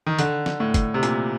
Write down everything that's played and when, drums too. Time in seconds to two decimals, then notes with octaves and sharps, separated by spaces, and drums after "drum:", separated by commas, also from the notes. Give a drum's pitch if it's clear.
0.06 D#3
0.19 D3, drum: hi-hat
0.46 drum: snare
0.60 A2
0.74 drum: kick, hi-hat
0.94 C3
1.03 A#2, drum: hi-hat